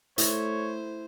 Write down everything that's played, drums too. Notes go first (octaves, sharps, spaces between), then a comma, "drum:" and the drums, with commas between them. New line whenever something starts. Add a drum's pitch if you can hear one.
A3 E4 C5 C#5, drum: hi-hat